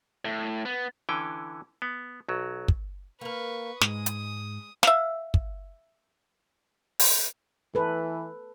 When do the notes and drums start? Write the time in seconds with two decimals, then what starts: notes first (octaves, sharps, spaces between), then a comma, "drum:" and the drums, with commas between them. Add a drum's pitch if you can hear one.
0.25 A2
0.65 B3
1.09 D3 E3 C#4 G5
1.82 B3
2.29 B1 F#3
2.68 drum: kick
3.21 A#3 A#4 B4 C#6
3.81 G#2 G#3 D#6, drum: snare
4.06 drum: hi-hat
4.83 E5 F5, drum: snare
5.34 drum: kick
6.99 drum: open hi-hat
7.75 E3 A4 B4